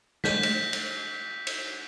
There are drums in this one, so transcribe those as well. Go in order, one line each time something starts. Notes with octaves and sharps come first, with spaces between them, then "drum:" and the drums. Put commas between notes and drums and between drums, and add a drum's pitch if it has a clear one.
G6 B6, drum: snare
drum: cymbal
drum: cymbal
drum: cymbal